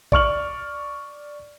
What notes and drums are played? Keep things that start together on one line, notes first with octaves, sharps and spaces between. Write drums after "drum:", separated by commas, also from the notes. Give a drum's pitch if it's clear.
D5 C#6 F6 F#7, drum: kick